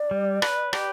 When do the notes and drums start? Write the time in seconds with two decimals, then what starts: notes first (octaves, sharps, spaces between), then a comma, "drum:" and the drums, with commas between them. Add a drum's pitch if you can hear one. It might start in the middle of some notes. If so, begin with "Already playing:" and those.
Already playing: D5
0.11 G3
0.42 B4, drum: rim click
0.73 G4, drum: rim click